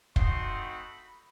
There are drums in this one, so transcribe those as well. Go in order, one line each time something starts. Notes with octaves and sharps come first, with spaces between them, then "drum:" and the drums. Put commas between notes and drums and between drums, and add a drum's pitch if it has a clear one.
A3 C4 D#4 F#4 C6, drum: kick
B5